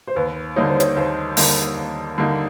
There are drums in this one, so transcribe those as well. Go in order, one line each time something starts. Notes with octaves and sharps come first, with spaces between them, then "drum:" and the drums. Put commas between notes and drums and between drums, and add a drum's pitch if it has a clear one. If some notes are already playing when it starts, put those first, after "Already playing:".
C5
D#2 B4
D3 G3 A#3 D#4 C#5
C5
C#5, drum: hi-hat
D#2 C5
D3 G3 A#3 D#4, drum: open hi-hat
D#2
D3 G3 A#3 D#4